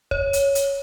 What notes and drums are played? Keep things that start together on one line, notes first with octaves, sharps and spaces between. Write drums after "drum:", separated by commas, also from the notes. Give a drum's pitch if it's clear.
C#5, drum: kick
drum: hi-hat
drum: hi-hat